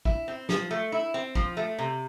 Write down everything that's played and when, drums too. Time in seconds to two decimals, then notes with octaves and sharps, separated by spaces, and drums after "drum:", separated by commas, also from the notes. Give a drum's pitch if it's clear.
0.05 E4, drum: kick
0.28 C4
0.49 F3, drum: snare
0.71 A3
0.92 E4
1.14 C4
1.35 F3, drum: kick
1.57 A3
1.79 C3